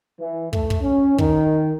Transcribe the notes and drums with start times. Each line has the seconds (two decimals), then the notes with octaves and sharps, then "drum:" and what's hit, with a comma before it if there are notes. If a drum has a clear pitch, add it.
0.19 E3
0.53 A3, drum: kick
0.70 drum: kick
0.82 C#4
1.18 D#3, drum: kick